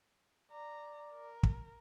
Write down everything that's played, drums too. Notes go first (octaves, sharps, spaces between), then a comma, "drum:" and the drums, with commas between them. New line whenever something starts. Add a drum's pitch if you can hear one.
D5 A#5
A#4
drum: kick